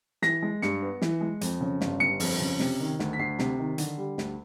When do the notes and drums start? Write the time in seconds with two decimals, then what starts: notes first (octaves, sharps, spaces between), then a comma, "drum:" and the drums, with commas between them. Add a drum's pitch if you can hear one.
0.22 E3 A#6, drum: snare
0.42 G#3
0.62 G2 C#7, drum: snare
0.82 B3
1.02 E3, drum: snare
1.21 G#3
1.41 F2, drum: hi-hat
1.61 C#3
1.81 G1, drum: snare
2.00 G1 C#7
2.20 F2, drum: open hi-hat
2.40 C#3
2.60 C3, drum: snare
2.80 D#3
2.99 D2, drum: snare
3.13 B6
3.19 D2 C7
3.39 C3, drum: snare
3.58 D#3
3.78 D3, drum: hi-hat
3.98 G3
4.18 D2, drum: snare